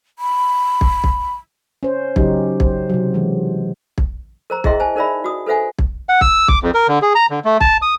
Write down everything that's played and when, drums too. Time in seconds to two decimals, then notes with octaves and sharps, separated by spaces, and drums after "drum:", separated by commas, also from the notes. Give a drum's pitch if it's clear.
0.19 B5
0.81 drum: kick
1.04 drum: kick
1.83 C#4 C5
2.16 C#3 F#3 C#4 D#4 G4, drum: kick
2.60 C5, drum: kick
2.90 C3 F#3
3.14 E3 G#3
3.98 drum: kick
4.50 A#4 C5 A#5
4.64 E4 G#4 D#5 E5 G5 C6, drum: kick
4.80 C5 G#5 A5
4.96 D#4 A#4 C5 D5 E5 B5
5.24 F#4 D#6
5.46 A4 B4 C5 E5 F#5 G#5
5.79 drum: kick
6.09 F#5
6.21 E6, drum: kick
6.48 D6, drum: kick
6.63 F2
6.74 A#4
6.88 D3
7.02 G#4
7.15 A#5
7.30 D3
7.45 A3
7.61 A5, drum: kick
7.82 D#6